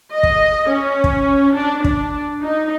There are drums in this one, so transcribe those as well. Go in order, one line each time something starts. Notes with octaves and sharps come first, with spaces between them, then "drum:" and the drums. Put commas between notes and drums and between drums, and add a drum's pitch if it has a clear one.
D#5
drum: kick
C#4
drum: kick
D4
D4, drum: kick
D#4